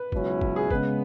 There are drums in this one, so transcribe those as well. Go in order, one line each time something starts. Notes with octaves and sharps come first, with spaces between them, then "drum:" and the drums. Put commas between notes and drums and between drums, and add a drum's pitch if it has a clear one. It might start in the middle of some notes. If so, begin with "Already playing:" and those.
Already playing: B4
C#2 B2 F#3 C#4 E4, drum: kick
drum: kick
G#4
C#3 G#3 B3 B4, drum: kick